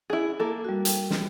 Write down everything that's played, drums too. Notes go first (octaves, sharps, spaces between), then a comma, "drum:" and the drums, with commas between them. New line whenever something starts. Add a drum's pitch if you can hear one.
E4 G#4
A#3 A4
G3 F#4
G5, drum: hi-hat
drum: snare